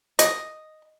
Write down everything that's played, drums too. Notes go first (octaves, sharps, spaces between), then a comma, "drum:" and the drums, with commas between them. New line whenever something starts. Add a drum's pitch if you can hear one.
D#5, drum: hi-hat